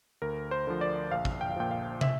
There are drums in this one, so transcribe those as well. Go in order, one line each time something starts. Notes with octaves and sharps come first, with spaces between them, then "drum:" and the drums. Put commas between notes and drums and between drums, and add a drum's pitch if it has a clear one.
D2 A#4
C5
D3 F3
D5
A#1 F5
drum: kick
G5
F5
A#2 F3 G5
F5
E5, drum: tom